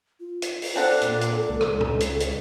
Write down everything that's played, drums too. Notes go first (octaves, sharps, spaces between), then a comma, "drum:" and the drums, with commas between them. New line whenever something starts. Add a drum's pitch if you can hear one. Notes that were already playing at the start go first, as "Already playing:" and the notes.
F4
drum: hi-hat
drum: open hi-hat
C4 D4 A4 F#5
A#2, drum: hi-hat
drum: hi-hat
C#2
drum: rim click
drum: tom A#2
drum: hi-hat
drum: hi-hat